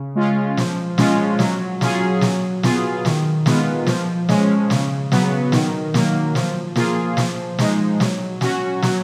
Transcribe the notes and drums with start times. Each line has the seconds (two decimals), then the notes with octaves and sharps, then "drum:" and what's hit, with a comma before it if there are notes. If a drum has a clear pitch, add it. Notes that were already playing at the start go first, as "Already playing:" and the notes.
Already playing: C#3
0.15 G#3 C#4 F4
0.57 F3, drum: snare
0.98 G#3 C#4 F4, drum: snare
1.39 F#3, drum: snare
1.81 C#4 F4 G#4, drum: snare
2.21 F#3, drum: snare
2.63 B3 F4 G#4, drum: snare
3.05 D#3, drum: snare
3.46 G#3 B3 F4, drum: snare
3.86 F3, drum: snare
4.29 G#3 C#4, drum: snare
4.70 C#3, drum: snare
5.12 F#3 B3, drum: snare
5.52 D#3, drum: snare
5.94 F#3 A#3, drum: snare
6.35 F3, drum: snare
6.76 A#3 F4 G#4, drum: snare
7.17 F3, drum: snare
7.59 G#3 D#4, drum: snare
8.00 F#3, drum: snare
8.41 C#4 F#4, drum: snare
8.82 F#3, drum: snare